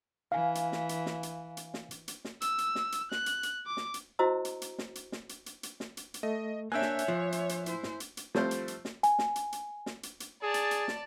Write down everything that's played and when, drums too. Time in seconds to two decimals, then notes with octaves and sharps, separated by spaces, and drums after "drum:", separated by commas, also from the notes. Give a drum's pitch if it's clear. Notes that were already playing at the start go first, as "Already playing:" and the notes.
0.32 E3 F5 G#5
0.55 drum: hi-hat
0.72 drum: snare
0.89 drum: hi-hat
1.06 drum: snare
1.23 drum: hi-hat
1.57 drum: hi-hat
1.74 drum: snare
1.91 drum: hi-hat
2.08 drum: hi-hat
2.25 drum: snare
2.42 E6, drum: hi-hat
2.58 drum: hi-hat
2.75 drum: snare
2.92 drum: hi-hat
3.12 F#6, drum: snare
3.26 drum: hi-hat
3.43 drum: hi-hat
3.67 D6
3.77 drum: snare
3.94 drum: hi-hat
4.19 E4 F#4 C5 D#5 A#5 E6
4.45 drum: hi-hat
4.62 drum: hi-hat
4.78 drum: snare
4.95 drum: hi-hat
5.12 drum: snare
5.29 drum: hi-hat
5.46 drum: hi-hat
5.63 drum: hi-hat
5.80 drum: snare
5.97 drum: hi-hat
6.14 drum: hi-hat
6.23 A3 D#5
6.72 A#3 D4 C#5 E5 G#5 E6 F#6 G6
6.82 drum: snare
6.99 drum: hi-hat
7.08 F3
7.32 drum: hi-hat
7.49 drum: hi-hat
7.66 E4 C5, drum: hi-hat
7.83 drum: snare
8.00 drum: hi-hat
8.17 drum: hi-hat
8.35 F3 G3 A3 C4 C5, drum: snare
8.51 drum: hi-hat
8.68 drum: hi-hat
8.85 drum: snare
9.03 G#5, drum: hi-hat
9.19 drum: snare
9.36 drum: hi-hat
9.52 drum: hi-hat
9.86 drum: snare
10.03 drum: hi-hat
10.20 drum: hi-hat
10.43 G#4 D5 A5
10.54 drum: hi-hat
10.71 drum: hi-hat
10.88 drum: snare